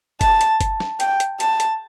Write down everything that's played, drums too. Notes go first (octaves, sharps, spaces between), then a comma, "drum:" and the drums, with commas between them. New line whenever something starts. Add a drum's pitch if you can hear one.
A5, drum: kick F#1, hi-hat
drum: hi-hat
drum: kick F#1, hi-hat
drum: snare
G5, drum: hi-hat
drum: hi-hat
A5, drum: hi-hat
drum: hi-hat